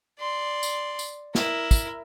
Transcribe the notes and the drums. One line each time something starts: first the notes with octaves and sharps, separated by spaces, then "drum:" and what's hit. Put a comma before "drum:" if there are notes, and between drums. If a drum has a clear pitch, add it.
D5 C6
drum: tambourine
drum: tambourine
E4 A#4, drum: snare
drum: kick, tambourine